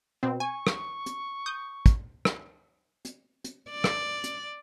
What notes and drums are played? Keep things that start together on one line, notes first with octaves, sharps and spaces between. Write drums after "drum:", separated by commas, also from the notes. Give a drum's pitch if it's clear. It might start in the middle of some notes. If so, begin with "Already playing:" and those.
B2 C4
G#5 C#6
drum: rim click
drum: hi-hat
D#6 G6
drum: kick, hi-hat
drum: rim click
drum: hi-hat
drum: hi-hat
D5
drum: rim click
drum: hi-hat